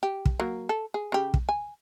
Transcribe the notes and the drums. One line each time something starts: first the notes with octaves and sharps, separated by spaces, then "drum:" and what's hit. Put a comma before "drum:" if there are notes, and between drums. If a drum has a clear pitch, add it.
G4
drum: kick
F#3 A#3
A4
G#4
C#3 G4
drum: kick
G#5